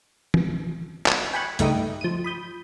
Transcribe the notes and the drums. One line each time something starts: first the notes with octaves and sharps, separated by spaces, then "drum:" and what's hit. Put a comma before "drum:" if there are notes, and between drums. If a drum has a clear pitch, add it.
drum: tom
drum: clap
G5 G#5 B5 C#6 F#6
C#2 G2 A3 D#4 G4 D#6, drum: hi-hat
F3 D#7
B5 D#6 G6